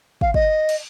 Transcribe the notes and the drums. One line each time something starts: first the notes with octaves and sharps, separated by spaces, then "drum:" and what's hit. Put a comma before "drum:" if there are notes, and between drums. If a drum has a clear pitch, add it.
F5, drum: kick
D#5, drum: kick
drum: cymbal